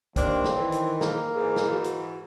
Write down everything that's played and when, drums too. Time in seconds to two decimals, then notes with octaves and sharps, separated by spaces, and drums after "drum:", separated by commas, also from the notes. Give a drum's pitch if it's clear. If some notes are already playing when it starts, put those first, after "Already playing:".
0.16 D#2 A#3 C4 D4, drum: kick, hi-hat
0.44 drum: snare
0.57 D#3 E3
0.72 drum: hi-hat
1.01 A#3, drum: snare
1.35 G#2 E3 G#4
1.56 drum: snare
1.72 F#4
1.84 drum: hi-hat